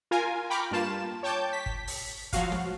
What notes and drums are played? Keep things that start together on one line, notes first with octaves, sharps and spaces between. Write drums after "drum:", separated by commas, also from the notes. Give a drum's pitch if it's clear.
F4 A#4 G#5
G5 A#5 B5 C#6 D6 F6
G2 A#3 F4 A5 E7
C#5 G5 A5 D6 G6
B6
drum: kick G1
drum: open hi-hat
F3 F#3 F#4 F5, drum: kick G1, hi-hat
drum: snare